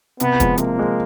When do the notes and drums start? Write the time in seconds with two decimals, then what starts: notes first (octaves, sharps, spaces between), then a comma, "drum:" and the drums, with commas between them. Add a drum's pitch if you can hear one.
0.20 C3 B3, drum: hi-hat
0.40 F3 G#3, drum: kick, hi-hat
0.57 C3 A#3, drum: hi-hat
0.77 F3 G#3